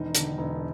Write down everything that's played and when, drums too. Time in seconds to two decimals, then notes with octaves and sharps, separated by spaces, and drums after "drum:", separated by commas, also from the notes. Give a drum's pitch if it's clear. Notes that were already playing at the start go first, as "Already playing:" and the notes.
Already playing: E1 D#3 D#4
0.15 D3, drum: hi-hat
0.38 E1